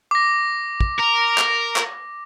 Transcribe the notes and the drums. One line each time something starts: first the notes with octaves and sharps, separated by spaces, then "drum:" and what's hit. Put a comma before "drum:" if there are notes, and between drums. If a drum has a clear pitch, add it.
D6 A#6
drum: kick
A#4
drum: clap
drum: clap